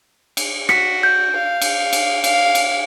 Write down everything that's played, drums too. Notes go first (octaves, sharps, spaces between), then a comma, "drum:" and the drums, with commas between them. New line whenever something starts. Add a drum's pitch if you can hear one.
drum: cymbal
F#4 B6 C#7, drum: rim click
G6
F5
drum: cymbal
drum: cymbal
F5, drum: cymbal
drum: cymbal